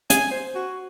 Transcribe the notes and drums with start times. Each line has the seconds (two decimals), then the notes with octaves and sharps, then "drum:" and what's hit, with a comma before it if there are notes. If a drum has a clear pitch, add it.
0.10 G#5, drum: hi-hat
0.31 C5
0.55 F#4